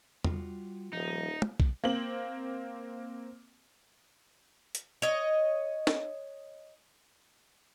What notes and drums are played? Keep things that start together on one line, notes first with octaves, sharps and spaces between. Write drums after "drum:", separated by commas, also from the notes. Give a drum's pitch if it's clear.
G3 F4 F#4, drum: tom E2
D#1 F3 G3 D#4
drum: tom
drum: kick
A#3 C4 F#7
drum: hi-hat
C#5 D#5
drum: snare